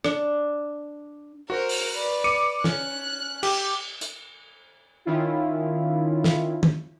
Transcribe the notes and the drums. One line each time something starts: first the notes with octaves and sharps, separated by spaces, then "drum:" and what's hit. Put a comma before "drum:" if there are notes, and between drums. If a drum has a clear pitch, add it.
D4, drum: rim click
F#4 A#4 C5
drum: open hi-hat
B4 D5
D6 C#7 D#7
C#4 F#6, drum: snare
G4, drum: cymbal
drum: hi-hat
D#3 C#4 E4 F4
drum: snare
drum: tom